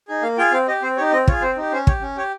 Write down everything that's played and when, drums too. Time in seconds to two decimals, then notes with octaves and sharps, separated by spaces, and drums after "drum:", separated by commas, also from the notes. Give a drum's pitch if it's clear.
0.08 D#4 G#4
0.22 A#3 F5
0.38 F4 G#4 G5
0.52 C4 F5
0.68 G4 D#5
0.82 C4 C5
0.97 D#4 G4 C#5
1.12 C4 D#5
1.28 F4 G#4 C#5, drum: kick
1.42 C4 C5
1.57 D#4 G4
1.72 C#4 C5
1.87 G4 C#5, drum: kick
2.02 C#4
2.17 G4 C#5